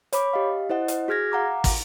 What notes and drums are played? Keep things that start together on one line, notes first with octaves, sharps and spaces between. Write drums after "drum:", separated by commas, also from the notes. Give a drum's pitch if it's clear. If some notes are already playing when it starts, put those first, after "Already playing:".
C#5 B5 D6, drum: hi-hat
G4 D#5 F5
E4 C5 D#5 F#5
drum: hi-hat
F#4 G#4 F6 G#6 A#6
F5 F#5 A#5 D6
drum: kick, open hi-hat